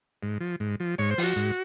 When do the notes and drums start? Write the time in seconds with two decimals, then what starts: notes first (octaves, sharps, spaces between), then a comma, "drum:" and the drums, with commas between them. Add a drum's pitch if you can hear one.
0.23 G#2
0.40 F3
0.60 G#2
0.80 F3
0.98 G#2 C#5
1.11 C5
1.18 F3, drum: open hi-hat
1.23 F#4
1.36 G#2